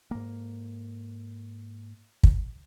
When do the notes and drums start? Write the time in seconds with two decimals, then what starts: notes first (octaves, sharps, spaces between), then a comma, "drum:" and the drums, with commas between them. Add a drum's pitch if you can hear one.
0.11 G#2 A#3
2.23 drum: kick